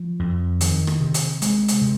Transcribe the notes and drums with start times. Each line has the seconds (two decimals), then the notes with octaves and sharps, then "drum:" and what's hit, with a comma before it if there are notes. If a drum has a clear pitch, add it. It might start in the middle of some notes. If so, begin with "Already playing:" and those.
Already playing: F3
0.19 F2
0.61 D#3, drum: hi-hat
0.87 drum: rim click
1.00 C3
1.14 drum: hi-hat
1.42 G#3, drum: hi-hat
1.68 drum: hi-hat
1.81 C3